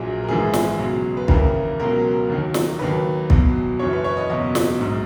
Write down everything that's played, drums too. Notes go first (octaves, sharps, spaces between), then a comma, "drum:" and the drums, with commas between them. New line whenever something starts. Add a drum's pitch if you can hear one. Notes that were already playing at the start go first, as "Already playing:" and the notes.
Already playing: A#1 A#2 F#3 G#4
A#4
G#1 G#2 E3 G#4
drum: snare
C#2 B2 F#3
B4
D#2 C#3 E3 A#4, drum: kick
C#2 B2 F#3 A#4
D#2 D#3 F#3
drum: snare
D#2 D#3 F#3 B4
E2 B2 F#3, drum: kick
F#1 F#2 E3 C#5
B4
C#5
D#5
F#1 E2 B2 F#3 D#5
drum: snare
A#1 G#2 F#3